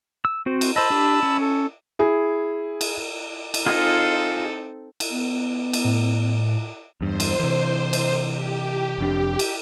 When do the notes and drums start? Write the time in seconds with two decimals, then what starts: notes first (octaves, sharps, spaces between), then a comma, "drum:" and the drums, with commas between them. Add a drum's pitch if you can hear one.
0.25 E6
0.46 C4 F#4 C5
0.61 drum: cymbal
0.76 C5 D#5 A5 B5 E6
0.90 D4 G4
1.23 C#4
1.41 A4
1.99 E4 G#4
2.81 drum: cymbal
3.54 drum: cymbal
3.66 C4 D#4 F4 G#4 A4 D#5
5.00 drum: cymbal
5.10 B3
5.73 drum: cymbal
5.84 A2
7.01 E2 G2 C5
7.20 drum: cymbal
7.40 C3 E3
7.93 drum: cymbal
8.30 G4
8.98 F1 F2 D4
9.39 drum: cymbal